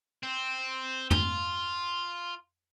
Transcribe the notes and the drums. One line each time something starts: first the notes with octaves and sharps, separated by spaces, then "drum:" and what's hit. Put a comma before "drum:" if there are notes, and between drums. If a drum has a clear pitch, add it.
C4
F4, drum: tom F2